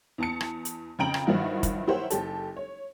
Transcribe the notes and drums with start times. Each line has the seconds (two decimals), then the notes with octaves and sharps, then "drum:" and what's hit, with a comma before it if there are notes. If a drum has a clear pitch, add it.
0.18 E2 A5 C#7
0.41 drum: rim click
0.65 drum: hi-hat
0.99 F2 C#3 G5 A#5 D7 F#7
1.14 drum: rim click
1.27 G2 D#3 F3 F#3 E4 F#4
1.63 drum: kick, hi-hat
1.87 E4 G4 A#4 C5 C#5 F#5
2.10 F#1 G4 A4, drum: hi-hat
2.56 C#5